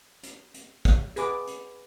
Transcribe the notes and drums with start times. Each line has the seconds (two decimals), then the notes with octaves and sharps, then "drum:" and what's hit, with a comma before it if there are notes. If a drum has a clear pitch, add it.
0.23 drum: hi-hat
0.54 drum: hi-hat
0.85 drum: kick, hi-hat
1.16 G#4 B4 D6, drum: hi-hat
1.47 drum: hi-hat